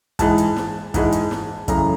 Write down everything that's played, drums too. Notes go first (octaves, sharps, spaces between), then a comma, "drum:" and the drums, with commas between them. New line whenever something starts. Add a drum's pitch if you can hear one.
G#2 E3 G#3 A5, drum: kick, hi-hat
drum: hi-hat
drum: snare
G#2 E3 G#3, drum: kick, hi-hat
drum: hi-hat
drum: snare
F#2 C#3 E3 A3 A#5, drum: kick, hi-hat